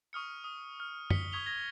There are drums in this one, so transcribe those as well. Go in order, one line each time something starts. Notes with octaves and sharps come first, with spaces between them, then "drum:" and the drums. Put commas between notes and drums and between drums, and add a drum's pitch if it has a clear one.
C#6 D#6 F6 C#7
D#6
F6
B6 C#7 G7, drum: tom F#2
C#6 D#6 G#6 B6 F7 G7
G#6 A#6